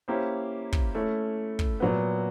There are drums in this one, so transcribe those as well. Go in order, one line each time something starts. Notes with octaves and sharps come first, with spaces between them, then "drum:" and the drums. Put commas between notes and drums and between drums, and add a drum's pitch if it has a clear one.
A#3 C#4 E4 G4 C5
drum: kick
A3 C#4 E4
drum: kick
A#2 F#3 B3